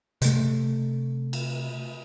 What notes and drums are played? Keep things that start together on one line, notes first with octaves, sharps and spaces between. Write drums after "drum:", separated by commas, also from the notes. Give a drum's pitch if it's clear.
C3 A3, drum: hi-hat
drum: cymbal